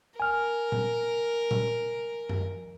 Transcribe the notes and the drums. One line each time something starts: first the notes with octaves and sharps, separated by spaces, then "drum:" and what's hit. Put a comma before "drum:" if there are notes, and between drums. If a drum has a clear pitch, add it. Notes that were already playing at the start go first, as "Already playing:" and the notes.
A#4 G#5 F6
drum: tom A#2
drum: tom A#2
drum: tom F#2